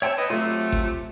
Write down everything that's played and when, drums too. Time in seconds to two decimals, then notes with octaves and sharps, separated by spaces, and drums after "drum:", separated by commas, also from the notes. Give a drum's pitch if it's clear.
0.02 C4 C#5 E5 G5 A5
0.17 B4 D#5
0.30 C3 F#3 A3 F4
0.72 drum: kick G#1